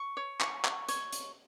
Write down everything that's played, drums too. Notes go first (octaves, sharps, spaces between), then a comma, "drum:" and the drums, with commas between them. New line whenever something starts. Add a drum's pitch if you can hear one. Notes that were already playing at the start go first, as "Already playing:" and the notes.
Already playing: C#6
C#5
C#6, drum: clap
C#6, drum: clap
C#5, drum: hi-hat
drum: hi-hat